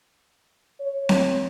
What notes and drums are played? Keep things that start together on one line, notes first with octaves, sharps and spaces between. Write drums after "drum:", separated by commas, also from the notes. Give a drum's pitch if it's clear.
C#5
drum: snare C4